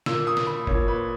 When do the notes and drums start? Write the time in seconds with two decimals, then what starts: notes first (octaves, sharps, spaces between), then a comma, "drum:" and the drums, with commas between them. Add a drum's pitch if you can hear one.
0.06 A#2 A#3 E6, drum: snare
0.27 D#6
0.37 drum: snare
0.46 B5
0.67 A#2 A#3 C#5, drum: kick G1
0.88 B4